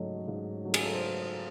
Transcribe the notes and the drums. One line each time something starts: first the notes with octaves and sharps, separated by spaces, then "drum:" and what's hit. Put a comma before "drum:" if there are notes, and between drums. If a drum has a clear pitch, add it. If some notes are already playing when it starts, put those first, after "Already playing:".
Already playing: G#2 F#3 A3 C#5 D#5
G#2
F#3 A3
G#4, drum: cymbal
A4
C5